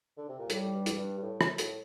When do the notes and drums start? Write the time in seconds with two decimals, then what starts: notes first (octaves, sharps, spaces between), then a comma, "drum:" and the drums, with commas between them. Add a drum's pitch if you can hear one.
0.17 D3
0.29 C3
0.39 A#2
0.50 A2 G3, drum: hi-hat
0.74 G2
0.86 drum: hi-hat
0.98 G2
1.17 G2
1.22 A2
1.41 drum: rim click
1.58 A2, drum: hi-hat